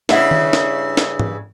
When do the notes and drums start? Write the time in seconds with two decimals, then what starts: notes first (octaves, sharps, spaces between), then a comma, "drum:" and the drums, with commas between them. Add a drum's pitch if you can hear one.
0.09 G2 C#3 E4 C#5 E5 F#5, drum: snare
0.31 drum: tom D#3
0.53 drum: snare
0.97 drum: snare
1.19 drum: tom